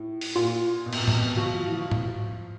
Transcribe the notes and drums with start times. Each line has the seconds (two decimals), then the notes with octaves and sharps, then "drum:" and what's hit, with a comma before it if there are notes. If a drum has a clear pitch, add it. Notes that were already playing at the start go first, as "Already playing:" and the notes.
Already playing: A2
0.21 drum: open hi-hat
0.36 A#2 F4
0.86 B2
0.93 C3, drum: cymbal
1.00 B2
1.08 C3, drum: tom G#2
1.14 B2
1.37 F3 F#4
1.54 F3
1.66 E3
1.72 F3
1.91 drum: tom G#2